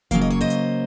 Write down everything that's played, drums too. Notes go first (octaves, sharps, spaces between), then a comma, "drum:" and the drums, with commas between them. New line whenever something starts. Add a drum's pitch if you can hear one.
C#3 F#3 A#3 F5, drum: kick F1, hi-hat
D#5
C#5
C5 D#5
drum: hi-hat